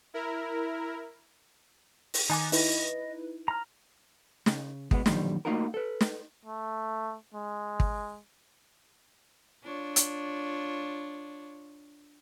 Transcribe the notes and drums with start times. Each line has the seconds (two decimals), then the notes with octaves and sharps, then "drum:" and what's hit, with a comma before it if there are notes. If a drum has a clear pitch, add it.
0.14 E4 A#4
2.14 drum: open hi-hat
2.30 D#3 D#4 G#5 D6 F#6 A6
2.52 D#4 E4 B4 D#5, drum: open hi-hat
3.48 A#5 F6
4.46 C#3, drum: snare
4.91 B2 G#3 B3, drum: kick
5.06 F#2 A#2 D3 D#3 F3 G3, drum: snare
5.45 A3 A#3 D#4 F4 F#4 A#4
5.74 A4 B4
6.01 drum: snare
6.45 A3
7.34 G#3
7.80 drum: kick
9.64 D4 F4 C#5
9.96 drum: hi-hat